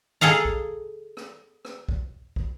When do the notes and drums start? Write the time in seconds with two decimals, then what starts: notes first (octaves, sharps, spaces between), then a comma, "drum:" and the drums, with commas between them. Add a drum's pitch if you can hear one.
0.21 G#4 A4 D#5 F5 A#5
0.45 drum: kick
1.17 drum: rim click
1.65 drum: rim click
1.89 drum: kick
2.36 drum: kick